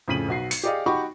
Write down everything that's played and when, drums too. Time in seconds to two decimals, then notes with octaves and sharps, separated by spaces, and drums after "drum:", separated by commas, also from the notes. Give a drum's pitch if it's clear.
0.08 F2 A2 C#3 B6 D#7 F#7
0.28 B1 F#4 C7
0.51 C#7, drum: open hi-hat
0.63 G4 G#4 D5 D#5 F5
0.86 D#4 F#4 G4 F#5 B5 C#6